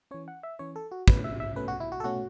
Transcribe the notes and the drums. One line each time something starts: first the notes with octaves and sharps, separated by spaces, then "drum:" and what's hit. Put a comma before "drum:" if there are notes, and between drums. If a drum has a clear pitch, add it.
E3 C#4 C#5
F#5
E5
E3 C#4 C#5
A4
F#4
B2 A3 C#4 B4, drum: kick
E5
E5
B2 A3 C#4 B4
F#4
E4
F#4
A4
B2 A3 C#4 F#4